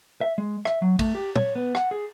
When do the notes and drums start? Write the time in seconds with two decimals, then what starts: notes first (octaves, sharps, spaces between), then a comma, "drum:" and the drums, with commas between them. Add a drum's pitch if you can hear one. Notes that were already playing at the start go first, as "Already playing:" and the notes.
0.21 E5
0.38 G#3
0.65 E5, drum: rim click
0.82 F#3
0.99 A3, drum: kick, cymbal
1.15 G4
1.36 C#5, drum: tom
1.55 B3
1.75 F#5, drum: rim click
1.91 G#4